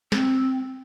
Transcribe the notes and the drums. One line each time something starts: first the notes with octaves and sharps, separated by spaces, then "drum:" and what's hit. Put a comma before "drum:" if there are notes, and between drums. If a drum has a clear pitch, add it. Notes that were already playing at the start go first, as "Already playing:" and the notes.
C4, drum: snare